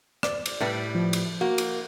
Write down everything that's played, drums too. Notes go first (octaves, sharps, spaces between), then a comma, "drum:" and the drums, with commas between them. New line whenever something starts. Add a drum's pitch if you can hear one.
D5, drum: rim click
drum: cymbal
A2 G3 B4
F3
drum: cymbal
A#3 F#4
drum: cymbal